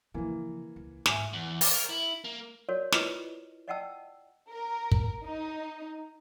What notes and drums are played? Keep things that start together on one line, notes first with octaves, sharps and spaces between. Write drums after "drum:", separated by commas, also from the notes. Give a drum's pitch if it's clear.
C#3 E3 F3 A#3
C#2
G#2 E5 G#5, drum: snare
E2
A#4, drum: open hi-hat
E4
A#3
F#4 A#4 C#5 D5
E4 F4 B4 D#5, drum: snare
D5 D#5 F#5 G5 A5 E6
A#4
drum: kick
D#4